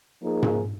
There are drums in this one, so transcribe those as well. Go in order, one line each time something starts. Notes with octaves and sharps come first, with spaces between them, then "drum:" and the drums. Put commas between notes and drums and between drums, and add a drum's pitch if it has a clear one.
F3 A#3 D#4 G#4
drum: tom G#2